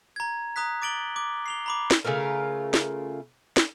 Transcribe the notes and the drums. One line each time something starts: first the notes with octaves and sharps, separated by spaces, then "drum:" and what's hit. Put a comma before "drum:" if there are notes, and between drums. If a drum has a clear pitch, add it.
A#5 G#6
A#5 D#6 F#6 B6
D6 A6 D7 F#7 G7
D6
C7 F7 G7
A#5 B5 D6
drum: snare
C#3 A3 F4 A#4
drum: snare
drum: snare